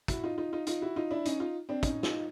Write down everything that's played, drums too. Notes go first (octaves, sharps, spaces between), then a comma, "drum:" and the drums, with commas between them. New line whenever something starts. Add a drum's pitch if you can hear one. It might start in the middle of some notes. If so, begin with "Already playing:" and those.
E4 F#4, drum: kick, hi-hat
D#4 F4
D#4 F4
D#4 F4
D#4 F4, drum: hi-hat
E4 F#4
D#4 F4
D4 E4
C#4 D#4, drum: hi-hat
D#4 F4
C4 D4
C#4 D#4, drum: kick, hi-hat
D#4 F4, drum: snare